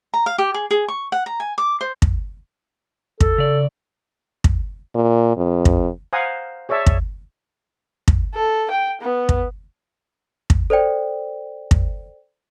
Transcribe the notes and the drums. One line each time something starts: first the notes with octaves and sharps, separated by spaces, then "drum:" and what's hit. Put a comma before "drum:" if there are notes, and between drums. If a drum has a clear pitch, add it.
A#5
F5
G4
G#4
G#4
C#6
F#5
A#5
G#5
D6
C5
drum: kick
A4, drum: kick
C#3 D5
drum: kick
A#2
F2
drum: kick
C5 F5 F#5 G#5 A#5 D#6
G#4 C#5 D5 E5 A5
drum: kick
drum: kick
A4
G5
B3
drum: kick
drum: kick
A4 C5 D5 G5
drum: kick